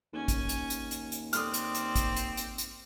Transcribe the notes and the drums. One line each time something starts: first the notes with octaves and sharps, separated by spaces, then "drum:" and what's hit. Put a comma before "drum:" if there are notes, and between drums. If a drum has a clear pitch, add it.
D#2 C#4 G#5
drum: kick G#1, hi-hat
drum: hi-hat
drum: hi-hat
drum: hi-hat
drum: hi-hat
C4 D5 C6 D#6 F6, drum: hi-hat
drum: hi-hat
drum: hi-hat
drum: kick G#1, hi-hat
drum: hi-hat
drum: hi-hat
drum: hi-hat